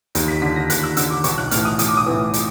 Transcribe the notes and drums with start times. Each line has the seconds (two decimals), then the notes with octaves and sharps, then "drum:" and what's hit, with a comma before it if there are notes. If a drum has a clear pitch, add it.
0.15 D#2, drum: hi-hat
0.28 B6
0.42 D3 B6
0.56 A#6
0.70 D#2 F#6, drum: hi-hat
0.83 E6
0.97 D3 E6, drum: hi-hat
1.10 D6
1.24 B1 C#6, drum: hi-hat
1.38 F#6
1.51 A2 E3 F6, drum: hi-hat
1.65 D#6
1.79 B1 D#6, drum: hi-hat
1.88 D6
1.97 D#6
2.06 A2 E3
2.34 drum: hi-hat